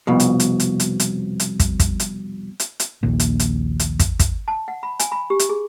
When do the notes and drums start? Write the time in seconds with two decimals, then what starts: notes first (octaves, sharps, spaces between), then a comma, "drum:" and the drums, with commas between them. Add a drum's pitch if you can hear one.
0.07 C2 F2 B2
0.20 drum: hi-hat
0.40 drum: hi-hat
0.60 drum: hi-hat
0.80 drum: hi-hat
1.00 drum: hi-hat
1.40 drum: hi-hat
1.60 drum: kick, hi-hat
1.80 drum: kick, hi-hat
2.00 drum: hi-hat
2.60 drum: hi-hat
2.80 drum: hi-hat
3.03 A#1 D#2 A#2
3.20 drum: hi-hat
3.40 drum: hi-hat
3.79 drum: hi-hat
3.99 drum: kick, hi-hat
4.19 drum: kick, hi-hat
4.48 A5
4.68 F#5
4.83 B5
4.99 G#5, drum: hi-hat
5.12 B5
5.30 G4
5.39 drum: hi-hat
5.49 G#4